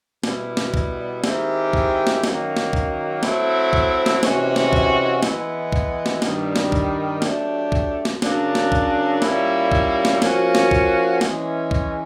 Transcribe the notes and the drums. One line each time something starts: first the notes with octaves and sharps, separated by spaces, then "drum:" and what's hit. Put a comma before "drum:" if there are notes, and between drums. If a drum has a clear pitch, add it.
B2 G3 B3 E4, drum: snare
drum: snare
drum: kick
D#3 G#3 C4 E4 G4, drum: snare
drum: kick
drum: snare
F#2 D#3 F#3 A#3, drum: snare
drum: snare
drum: kick
F#3 A3 C4 E4, drum: snare
drum: kick
drum: snare
C3 E3 G#3 C#4 F#4, drum: snare
drum: snare
drum: kick
E3 G#3 B3 E4, drum: snare
drum: kick
drum: snare
G2 D#3 G3, drum: snare
drum: snare
drum: kick
F#3 A3 D4 G4, drum: snare
drum: kick
drum: snare
C#3 F#3 A#3 D4, drum: snare
drum: snare
drum: kick
A#2 G3 A#3 C#4 E4, drum: snare
drum: kick
drum: snare
F3 A#3 C#4 F#4, drum: snare
drum: snare
drum: kick
E3 G#3 C#4, drum: snare
drum: kick